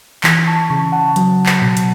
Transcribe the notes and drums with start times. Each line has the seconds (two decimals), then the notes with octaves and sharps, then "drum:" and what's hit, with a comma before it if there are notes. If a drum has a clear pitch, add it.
0.24 E3, drum: clap
0.47 A5 C#6
0.70 C#3 A5 C#6
0.92 F#5 A5
1.16 F#3, drum: hi-hat
1.46 drum: clap
1.62 B2
1.77 drum: hi-hat